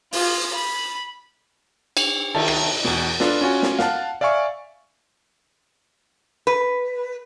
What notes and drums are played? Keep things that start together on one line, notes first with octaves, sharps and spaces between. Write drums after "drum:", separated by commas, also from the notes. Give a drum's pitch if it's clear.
F4, drum: open hi-hat
B5
drum: cymbal
D#3 E5 A5, drum: cymbal
drum: rim click
E2 B2, drum: snare
D4 F4 A4 B4, drum: snare
C#4 F4 F#4 G#5
drum: snare
F5 F#5 A5, drum: snare
D5 E5 F5 G#5 C#6
B4